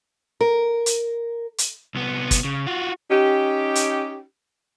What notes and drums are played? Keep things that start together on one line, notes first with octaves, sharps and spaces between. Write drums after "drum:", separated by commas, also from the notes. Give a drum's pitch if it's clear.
A#4
drum: hi-hat
drum: hi-hat
C2 B3
drum: kick, hi-hat
C#3
F4 F#4
C#4 D#4 G4
drum: hi-hat